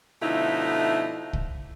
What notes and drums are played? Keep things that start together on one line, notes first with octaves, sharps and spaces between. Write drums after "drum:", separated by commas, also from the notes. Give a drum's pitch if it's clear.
B2 D3 F3 A3 D#4 E4
drum: kick